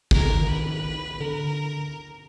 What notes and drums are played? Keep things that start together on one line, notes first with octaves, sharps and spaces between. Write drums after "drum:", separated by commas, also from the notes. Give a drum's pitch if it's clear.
C#3 A#4, drum: kick
D3
D#3
B4
D3 A#4